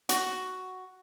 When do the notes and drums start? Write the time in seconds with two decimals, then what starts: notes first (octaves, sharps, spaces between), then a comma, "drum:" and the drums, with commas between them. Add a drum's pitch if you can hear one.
0.09 F#4, drum: hi-hat